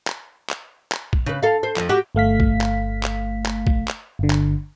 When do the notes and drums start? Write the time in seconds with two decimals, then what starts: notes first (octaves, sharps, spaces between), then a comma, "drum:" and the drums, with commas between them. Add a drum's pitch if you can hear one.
0.07 drum: clap
0.49 drum: clap
0.92 drum: clap
1.13 drum: kick
1.26 C#3 B4
1.43 A4 F5
1.63 C5
1.76 F2 F3, drum: clap
1.89 F#4 G4
2.15 G1 A3 F5 B6
2.40 drum: kick
2.61 drum: clap
3.03 drum: clap
3.45 drum: clap
3.67 drum: kick
3.88 drum: clap
4.19 G1 D3
4.30 drum: clap